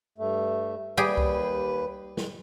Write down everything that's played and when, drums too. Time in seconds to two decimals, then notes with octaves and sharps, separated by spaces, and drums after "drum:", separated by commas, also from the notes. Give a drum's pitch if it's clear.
0.18 G2 A3
0.97 D#2 G3 G4 G#4 B4
1.17 drum: kick C2
2.17 drum: snare